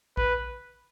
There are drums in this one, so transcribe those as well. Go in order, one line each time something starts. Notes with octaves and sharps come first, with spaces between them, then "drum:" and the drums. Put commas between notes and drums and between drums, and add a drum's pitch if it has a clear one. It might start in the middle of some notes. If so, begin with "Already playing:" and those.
B4, drum: kick A#1